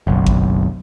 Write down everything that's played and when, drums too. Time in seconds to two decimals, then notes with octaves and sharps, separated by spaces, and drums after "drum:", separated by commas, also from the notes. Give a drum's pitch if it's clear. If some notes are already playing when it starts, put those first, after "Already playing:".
0.07 F#1 B1
0.26 drum: kick G#1